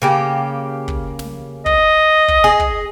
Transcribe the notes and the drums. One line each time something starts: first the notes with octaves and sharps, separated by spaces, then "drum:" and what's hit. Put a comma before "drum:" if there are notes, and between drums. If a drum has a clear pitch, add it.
C#3 A#3 G4
drum: kick
drum: snare
D#5, drum: kick
drum: kick
G#4
drum: kick